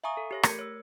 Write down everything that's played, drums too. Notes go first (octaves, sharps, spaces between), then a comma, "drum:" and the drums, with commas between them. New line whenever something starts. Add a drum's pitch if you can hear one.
E5 F5 G#5 A#5 C#6 D#6
A4
G4 C#5 A#6
A3 A#4 G#6 C#7, drum: rim click
C#5 E6